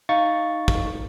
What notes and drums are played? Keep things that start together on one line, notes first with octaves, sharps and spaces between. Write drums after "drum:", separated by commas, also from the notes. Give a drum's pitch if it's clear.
D#4 F5 C#6 A6
drum: kick